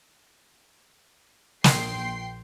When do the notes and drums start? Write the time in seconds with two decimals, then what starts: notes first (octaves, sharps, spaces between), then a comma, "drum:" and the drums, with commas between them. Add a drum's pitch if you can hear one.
1.64 A#1 G5 C6 C7, drum: snare